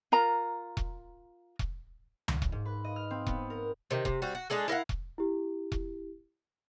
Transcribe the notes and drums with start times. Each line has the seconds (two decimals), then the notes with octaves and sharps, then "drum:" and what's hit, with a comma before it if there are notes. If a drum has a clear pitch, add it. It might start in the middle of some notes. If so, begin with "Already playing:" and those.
0.12 F4 A#4 A#5
0.77 drum: kick E1
1.59 drum: kick E1
2.28 drum: tom C#2
2.42 drum: kick E1
2.52 G#2
2.65 B4
2.84 D#5
2.96 F6
3.10 C4
3.27 B3, drum: kick E1
3.50 A#4
3.91 C3 D#3
4.05 C3, drum: kick E1
4.22 G3 C4 F#4
4.35 F#4
4.50 G#3 D4 G#4 A4
4.68 E4 A#4 F5 F#5
4.89 drum: kick E1
5.18 E4 G4
5.72 drum: kick E1